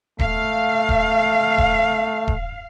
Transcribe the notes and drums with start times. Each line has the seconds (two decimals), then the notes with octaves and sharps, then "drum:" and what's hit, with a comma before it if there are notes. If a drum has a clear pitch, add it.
0.19 A3 F5, drum: kick D#1
0.89 drum: kick D#1
1.58 drum: kick D#1
2.28 drum: kick D#1